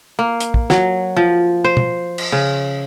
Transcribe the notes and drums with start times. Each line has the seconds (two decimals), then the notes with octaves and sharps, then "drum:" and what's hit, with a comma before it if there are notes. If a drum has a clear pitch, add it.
0.19 A#3
0.40 drum: hi-hat
0.54 drum: kick
0.70 F#3, drum: snare
1.16 F3
1.64 C5
1.77 drum: tom
2.18 drum: cymbal
2.32 C#3